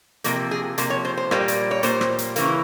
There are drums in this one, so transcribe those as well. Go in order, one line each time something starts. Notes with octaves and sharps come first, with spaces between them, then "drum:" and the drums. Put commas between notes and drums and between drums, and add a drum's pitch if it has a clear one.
C3 F3 A#3 A#4, drum: hi-hat
G#4
C3 F3 A#3, drum: hi-hat
C#5
C5
C5
A#2 G3 A#3, drum: rim click
drum: hi-hat
C#5
A#2 G3 A#3 C5, drum: hi-hat
drum: rim click
drum: hi-hat
C#3 E3 A#3, drum: hi-hat